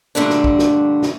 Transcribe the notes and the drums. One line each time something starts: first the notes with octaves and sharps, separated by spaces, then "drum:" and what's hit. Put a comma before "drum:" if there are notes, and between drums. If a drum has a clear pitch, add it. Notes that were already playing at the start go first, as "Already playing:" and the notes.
A#2 D3 G3 A3 D4
drum: snare
drum: kick A#1
drum: snare
drum: snare